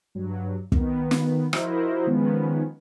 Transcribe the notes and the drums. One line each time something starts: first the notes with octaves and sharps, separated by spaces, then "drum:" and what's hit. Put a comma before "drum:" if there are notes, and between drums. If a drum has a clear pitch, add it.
G2 F#3
D#3 B3, drum: kick
drum: snare
F3 E4 F#4 A#4 C5 D#5, drum: rim click
D#3 F3 G#3 B3 C#4